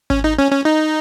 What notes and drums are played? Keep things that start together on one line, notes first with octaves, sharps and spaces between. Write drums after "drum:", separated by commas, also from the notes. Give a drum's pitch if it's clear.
C#4, drum: kick G#1
D#4
C#4
C#4
D#4